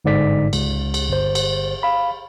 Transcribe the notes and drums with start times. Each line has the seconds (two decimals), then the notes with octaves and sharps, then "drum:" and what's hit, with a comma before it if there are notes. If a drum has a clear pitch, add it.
0.05 G1 G#2 D3 D5 B6
0.53 C#2, drum: cymbal
0.94 drum: cymbal
1.09 G1 C5
1.35 drum: cymbal
1.83 F5 B5